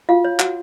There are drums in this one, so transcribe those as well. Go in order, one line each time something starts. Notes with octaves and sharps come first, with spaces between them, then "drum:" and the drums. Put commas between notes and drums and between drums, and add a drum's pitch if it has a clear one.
F4 F#4 F5
C#5
F#4 F#5, drum: clap